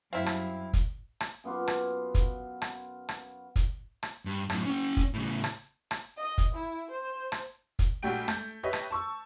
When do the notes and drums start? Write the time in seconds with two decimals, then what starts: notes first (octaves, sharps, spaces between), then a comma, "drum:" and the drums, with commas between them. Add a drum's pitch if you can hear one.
0.13 F#2 G3 C4 E4 F5
0.26 drum: rim click
0.73 drum: kick, hi-hat
1.20 drum: rim click
1.44 F#2 B3 F4 D6
1.67 drum: rim click
2.15 drum: kick, hi-hat
2.62 drum: rim click
3.09 drum: rim click
3.56 drum: kick, hi-hat
4.03 drum: rim click
4.25 G2
4.50 F#2 A2, drum: rim click
4.66 C#4 G5
4.97 drum: kick, hi-hat
5.14 A2 C#3
5.44 drum: rim click
5.91 drum: rim click
6.17 D#5
6.38 drum: kick, hi-hat
6.55 E4
6.91 C5
7.32 drum: rim click
7.79 drum: kick, hi-hat
8.03 A#1 G3 A3 F#4 G5 D7
8.28 A3 G6, drum: rim click
8.63 G4 B4 C#5 D#5 E5
8.73 drum: rim click
8.91 A5 C#6 E6